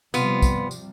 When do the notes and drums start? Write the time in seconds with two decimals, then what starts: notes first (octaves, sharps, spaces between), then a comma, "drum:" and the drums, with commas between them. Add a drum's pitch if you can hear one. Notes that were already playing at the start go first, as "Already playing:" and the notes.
0.14 C3 F3 G3 B3 F4, drum: tambourine
0.42 drum: kick, tambourine
0.71 drum: tambourine